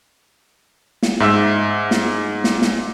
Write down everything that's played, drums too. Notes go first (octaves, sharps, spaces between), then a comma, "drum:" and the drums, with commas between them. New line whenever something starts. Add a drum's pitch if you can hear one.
drum: snare
G#2 E5 E6
drum: snare
drum: snare
drum: snare